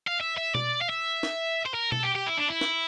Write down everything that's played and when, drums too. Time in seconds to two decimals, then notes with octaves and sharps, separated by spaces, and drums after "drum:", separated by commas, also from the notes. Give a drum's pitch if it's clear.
0.07 F5
0.20 E5
0.37 E5
0.55 D5, drum: tom B2
0.81 F5
0.89 E5
1.23 drum: snare
1.66 C5
1.74 A#4
1.92 A4, drum: tom B2
2.03 G4
2.15 G4
2.27 E4
2.38 D4
2.49 E4
2.61 drum: snare